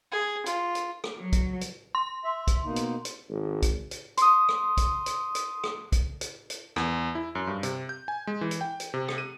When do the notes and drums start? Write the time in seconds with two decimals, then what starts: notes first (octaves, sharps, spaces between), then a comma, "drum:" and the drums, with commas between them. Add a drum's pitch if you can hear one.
0.12 G#4
0.46 F4, drum: hi-hat
0.75 drum: hi-hat
1.04 drum: rim click
1.18 F#3
1.33 drum: kick, hi-hat
1.61 drum: hi-hat
1.95 C6
2.24 E5
2.47 drum: kick, hi-hat
2.65 B2 A#3 D#4
2.76 drum: hi-hat
3.05 drum: hi-hat
3.29 G#1
3.62 drum: kick, hi-hat
3.91 drum: hi-hat
4.17 C6 D#6, drum: hi-hat
4.49 drum: rim click
4.77 drum: kick, hi-hat
5.06 drum: hi-hat
5.35 drum: hi-hat
5.64 drum: rim click
5.92 drum: kick, hi-hat
6.21 drum: hi-hat
6.50 drum: hi-hat
6.76 E2, drum: rim click
7.15 E4
7.35 F#2
7.47 G2
7.63 C3, drum: hi-hat
7.89 G6
8.08 G#5
8.27 G#3
8.41 E3
8.51 drum: hi-hat
8.61 G5
8.80 drum: hi-hat
8.94 C3
9.08 drum: rim click
9.18 D#7